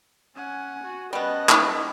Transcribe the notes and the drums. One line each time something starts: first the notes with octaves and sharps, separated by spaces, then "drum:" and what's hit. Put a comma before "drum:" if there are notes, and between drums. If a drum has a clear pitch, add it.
C#4 F#5 G#5
F#4
G3 B3 C#4 D#5 A5 F#6
drum: clap